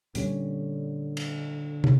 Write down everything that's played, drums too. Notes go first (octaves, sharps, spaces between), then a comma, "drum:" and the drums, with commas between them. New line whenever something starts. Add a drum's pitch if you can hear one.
A#2 D3 G3 C#4, drum: hi-hat
drum: cymbal
A#2, drum: tom